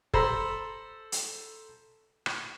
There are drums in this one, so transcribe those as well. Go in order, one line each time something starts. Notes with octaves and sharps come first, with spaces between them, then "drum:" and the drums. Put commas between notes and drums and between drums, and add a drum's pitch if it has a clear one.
A4 C5 A#5 B5 E6, drum: kick
drum: hi-hat
drum: rim click